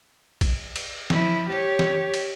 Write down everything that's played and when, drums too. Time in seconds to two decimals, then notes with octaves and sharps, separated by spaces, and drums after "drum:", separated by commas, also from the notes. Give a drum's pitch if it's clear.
0.41 drum: kick, cymbal
0.76 drum: cymbal
1.10 F3 E4, drum: snare
1.49 G4 C#5
1.79 drum: snare
2.14 drum: cymbal